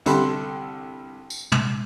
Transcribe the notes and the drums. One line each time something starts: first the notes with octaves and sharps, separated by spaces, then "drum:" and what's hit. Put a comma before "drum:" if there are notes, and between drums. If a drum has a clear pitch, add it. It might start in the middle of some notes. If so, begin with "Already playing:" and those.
C2 D3 G4 A4 B5 C6, drum: hi-hat
drum: tambourine
drum: tom